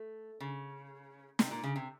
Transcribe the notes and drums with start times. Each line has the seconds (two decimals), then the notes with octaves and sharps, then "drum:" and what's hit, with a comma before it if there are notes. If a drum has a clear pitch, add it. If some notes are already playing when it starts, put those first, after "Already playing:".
Already playing: A3
0.40 C#3
1.39 C3, drum: snare
1.51 A#2
1.64 C#3
1.76 C3